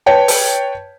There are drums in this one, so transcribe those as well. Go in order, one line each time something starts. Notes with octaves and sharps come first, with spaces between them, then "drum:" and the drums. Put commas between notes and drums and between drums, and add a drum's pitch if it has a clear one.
B4 C#5 G5 A5
drum: open hi-hat